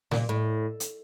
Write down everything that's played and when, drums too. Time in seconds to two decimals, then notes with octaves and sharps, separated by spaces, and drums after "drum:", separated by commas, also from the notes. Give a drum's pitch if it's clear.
0.11 A#2, drum: snare
0.29 A2
0.80 drum: hi-hat